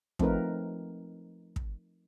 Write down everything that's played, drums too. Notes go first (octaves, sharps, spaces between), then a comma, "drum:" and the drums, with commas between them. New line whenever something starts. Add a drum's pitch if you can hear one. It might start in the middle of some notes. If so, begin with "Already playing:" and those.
F3 A3 C4 D#4 A#4 B4, drum: kick
drum: kick